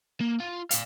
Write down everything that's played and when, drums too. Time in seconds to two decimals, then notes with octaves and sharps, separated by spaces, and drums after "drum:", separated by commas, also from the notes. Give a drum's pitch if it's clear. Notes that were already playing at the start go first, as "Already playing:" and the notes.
0.20 A#3
0.40 F4
0.71 D5 F5, drum: hi-hat